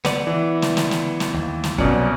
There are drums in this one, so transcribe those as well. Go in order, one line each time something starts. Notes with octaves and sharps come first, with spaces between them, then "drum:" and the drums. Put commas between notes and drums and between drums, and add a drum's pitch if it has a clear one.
B3 D5, drum: snare
E3
drum: snare
drum: snare
drum: snare
drum: snare
D#2
drum: snare
C2 B2 F#3 C#4 D5, drum: kick